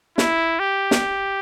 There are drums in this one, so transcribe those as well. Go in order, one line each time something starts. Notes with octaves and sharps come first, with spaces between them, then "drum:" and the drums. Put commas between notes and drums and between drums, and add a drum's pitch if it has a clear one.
E4, drum: snare
G4
drum: snare